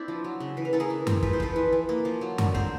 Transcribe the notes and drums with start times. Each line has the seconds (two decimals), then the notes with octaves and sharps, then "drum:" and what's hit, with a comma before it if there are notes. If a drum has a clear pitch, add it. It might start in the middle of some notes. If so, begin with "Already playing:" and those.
Already playing: C4 D4 E4
0.08 F3
0.24 F#3
0.40 C#3
0.57 E3 B4
0.65 A#4
0.73 E3 A4
0.80 G#4 A#4
0.90 E3
1.07 C4, drum: tom F#2
1.23 F3 B4, drum: kick
1.33 C5
1.40 F3 A4 B4, drum: kick
1.56 E3
1.73 E3
1.89 A#3
2.05 F3
2.21 F#3
2.38 D3, drum: tom F#2
2.54 C4 A#4 C5, drum: kick